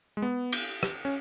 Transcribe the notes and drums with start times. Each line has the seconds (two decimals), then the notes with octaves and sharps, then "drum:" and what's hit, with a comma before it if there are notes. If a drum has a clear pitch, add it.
0.17 G#3
0.22 B3
0.53 drum: cymbal
0.83 drum: rim click
1.05 C#4